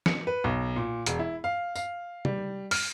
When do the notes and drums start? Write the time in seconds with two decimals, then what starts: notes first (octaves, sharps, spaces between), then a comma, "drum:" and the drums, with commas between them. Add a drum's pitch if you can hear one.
0.06 C#7, drum: snare
0.27 B4
0.44 B1
0.76 A#2
1.06 E1, drum: hi-hat
1.19 E4
1.44 F5
1.76 F5, drum: tambourine
2.25 G3, drum: tom
2.71 F6, drum: open hi-hat